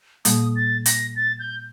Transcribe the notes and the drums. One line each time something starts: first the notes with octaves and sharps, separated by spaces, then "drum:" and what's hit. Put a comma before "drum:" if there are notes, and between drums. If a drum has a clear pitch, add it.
A#2 G3 A#3 D#6, drum: hi-hat
A6
A#6, drum: hi-hat
A6
G6